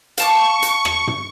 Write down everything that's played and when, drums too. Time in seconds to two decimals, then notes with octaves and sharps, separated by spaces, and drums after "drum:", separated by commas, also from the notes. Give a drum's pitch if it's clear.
0.18 F5 A5 C#6 D6, drum: hi-hat
0.62 drum: hi-hat
0.85 drum: rim click
1.07 drum: tom